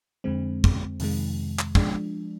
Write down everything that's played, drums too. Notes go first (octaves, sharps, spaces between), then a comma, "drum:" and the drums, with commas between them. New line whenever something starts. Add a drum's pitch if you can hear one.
F2 D3 G#3 C4
drum: kick
F2 C3 D#3 G#3, drum: open hi-hat
drum: clap
F3 G#3 D4, drum: kick